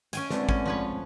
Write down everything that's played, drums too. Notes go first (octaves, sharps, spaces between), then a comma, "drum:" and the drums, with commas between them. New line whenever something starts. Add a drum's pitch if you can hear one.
C#4 G5 G#5, drum: hi-hat
E2 D3 G#3 A3 C4, drum: snare
C#4, drum: kick
F3 B4 C#5